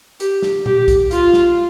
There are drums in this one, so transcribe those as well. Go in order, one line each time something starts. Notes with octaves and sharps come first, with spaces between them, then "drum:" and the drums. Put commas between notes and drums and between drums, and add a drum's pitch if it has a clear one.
G4, drum: hi-hat
drum: snare
G4, drum: tom A#2
drum: kick B1, hi-hat
F4, drum: hi-hat
drum: snare